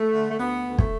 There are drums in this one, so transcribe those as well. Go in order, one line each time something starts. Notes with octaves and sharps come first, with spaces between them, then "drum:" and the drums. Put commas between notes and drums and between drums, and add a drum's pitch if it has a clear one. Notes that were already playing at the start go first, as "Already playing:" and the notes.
Already playing: A3
D3
A3
D2 B3
D2
A3, drum: kick